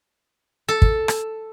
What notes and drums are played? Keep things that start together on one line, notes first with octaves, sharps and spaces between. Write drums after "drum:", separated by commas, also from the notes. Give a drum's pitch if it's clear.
A4
drum: kick
drum: rim click